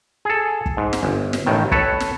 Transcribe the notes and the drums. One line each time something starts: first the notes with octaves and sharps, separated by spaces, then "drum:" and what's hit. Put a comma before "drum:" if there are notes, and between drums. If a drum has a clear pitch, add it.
G#4 A4
drum: kick
G#2
drum: snare
G1
drum: snare
A1 A2 D#3
A4 B4 C#5, drum: kick
drum: snare